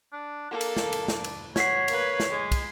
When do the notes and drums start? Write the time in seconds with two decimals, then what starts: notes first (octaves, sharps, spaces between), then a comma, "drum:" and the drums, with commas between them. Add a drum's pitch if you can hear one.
0.13 D4
0.51 A#3 D4 A4
0.61 drum: cymbal
0.77 drum: snare
0.92 drum: cymbal
1.08 drum: snare
1.24 drum: cymbal
1.56 F#4 C#5 G#6 B6 C7, drum: snare
1.88 A#3 B4, drum: cymbal
2.20 drum: snare
2.30 G#3
2.51 drum: kick, cymbal